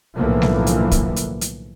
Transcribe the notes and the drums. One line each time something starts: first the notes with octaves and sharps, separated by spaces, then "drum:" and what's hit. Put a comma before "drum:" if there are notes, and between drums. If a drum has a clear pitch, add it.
B1 A2 D3 E3 F3 A#3
drum: snare G3
drum: hi-hat
drum: kick, hi-hat
drum: hi-hat
drum: hi-hat